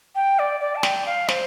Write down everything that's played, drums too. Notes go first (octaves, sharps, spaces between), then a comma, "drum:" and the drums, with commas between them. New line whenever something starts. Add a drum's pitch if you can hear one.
G5
D5
D5
A5
G5, drum: snare
F5
C5, drum: snare